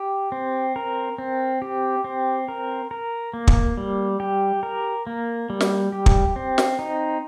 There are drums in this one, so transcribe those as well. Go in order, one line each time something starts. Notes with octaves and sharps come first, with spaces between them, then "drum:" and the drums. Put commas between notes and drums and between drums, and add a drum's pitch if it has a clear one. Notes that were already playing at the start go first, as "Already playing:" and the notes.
Already playing: G4
C4
A#4
C4
G4
C4
A#4
A#4
A#3
drum: kick
G3
G4
A#4
A#3
G3
drum: snare
G4
drum: kick
C4
drum: snare
D#4